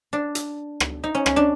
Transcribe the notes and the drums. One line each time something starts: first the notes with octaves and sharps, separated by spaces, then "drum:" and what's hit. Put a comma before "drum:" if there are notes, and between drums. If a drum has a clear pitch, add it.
D4
drum: hi-hat
drum: rim click
D#4
C#4
C#4, drum: rim click
D4